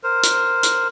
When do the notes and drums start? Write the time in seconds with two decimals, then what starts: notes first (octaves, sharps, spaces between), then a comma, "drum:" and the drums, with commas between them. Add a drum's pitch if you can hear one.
0.03 A#4 C5
0.23 drum: hi-hat
0.63 drum: hi-hat